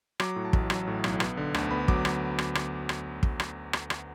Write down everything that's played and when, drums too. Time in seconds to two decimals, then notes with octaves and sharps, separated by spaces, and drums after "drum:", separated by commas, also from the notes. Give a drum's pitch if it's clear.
0.20 F#3 D6, drum: rim click
0.36 A2
0.45 A5
0.53 A1, drum: kick
0.70 F#3, drum: rim click
0.87 A2
1.04 B1, drum: rim click
1.20 B3, drum: rim click
1.37 D3
1.54 D2, drum: rim click
1.71 B3 B5
1.88 F#3 D6, drum: kick
2.05 drum: rim click
2.38 drum: rim click
2.55 drum: rim click
2.89 drum: rim click
3.23 drum: kick
3.40 drum: rim click
3.73 drum: rim click
3.90 drum: rim click